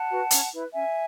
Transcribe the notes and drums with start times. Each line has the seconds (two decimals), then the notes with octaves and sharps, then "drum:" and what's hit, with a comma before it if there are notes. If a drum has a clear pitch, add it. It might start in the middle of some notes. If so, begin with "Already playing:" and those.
Already playing: F#5 A5
0.10 F#4 B4
0.31 C#4, drum: hi-hat
0.53 E4 B4
0.74 C#4 E5 G#5